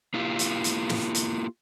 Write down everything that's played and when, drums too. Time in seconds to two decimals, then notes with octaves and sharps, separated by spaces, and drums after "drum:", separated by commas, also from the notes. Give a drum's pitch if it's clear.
0.14 A#3 E4 F4 G4
0.39 drum: hi-hat
0.64 drum: hi-hat
0.89 drum: snare
1.15 drum: hi-hat